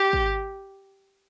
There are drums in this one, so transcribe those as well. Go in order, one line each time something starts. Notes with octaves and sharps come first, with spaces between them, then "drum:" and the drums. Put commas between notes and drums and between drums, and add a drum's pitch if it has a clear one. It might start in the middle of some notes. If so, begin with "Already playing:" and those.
Already playing: G4
drum: kick